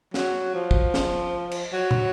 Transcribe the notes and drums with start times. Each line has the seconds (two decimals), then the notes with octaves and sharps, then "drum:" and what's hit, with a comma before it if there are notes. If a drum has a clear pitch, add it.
0.14 F#3, drum: snare
0.54 F3
0.71 drum: kick
0.94 drum: snare
1.52 drum: cymbal
1.73 F#3
1.91 drum: tom